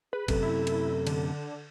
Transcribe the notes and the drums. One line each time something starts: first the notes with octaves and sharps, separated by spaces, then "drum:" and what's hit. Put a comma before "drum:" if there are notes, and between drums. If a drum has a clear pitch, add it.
G#4 B4
F#2 C3 A4, drum: kick F#1, cymbal
E4
drum: cymbal
D3, drum: cymbal